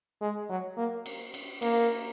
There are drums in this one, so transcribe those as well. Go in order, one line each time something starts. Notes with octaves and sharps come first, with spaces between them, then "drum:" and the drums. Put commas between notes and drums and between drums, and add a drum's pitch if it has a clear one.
G#3
F#3
A#3
drum: cymbal
drum: cymbal
A#3, drum: cymbal